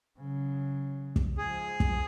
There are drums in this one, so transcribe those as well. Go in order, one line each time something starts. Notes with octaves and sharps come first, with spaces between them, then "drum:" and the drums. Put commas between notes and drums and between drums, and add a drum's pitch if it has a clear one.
C#3 F#3
drum: kick
G#2 F3 G#4
drum: kick